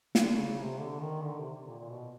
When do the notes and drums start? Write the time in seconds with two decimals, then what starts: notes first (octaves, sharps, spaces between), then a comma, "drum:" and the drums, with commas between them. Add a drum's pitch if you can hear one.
0.15 D3, drum: snare
0.37 C#3
0.58 C3
0.80 D3
1.02 D#3
1.24 D3
1.39 C3
1.68 A#2
1.79 A#2
1.89 B2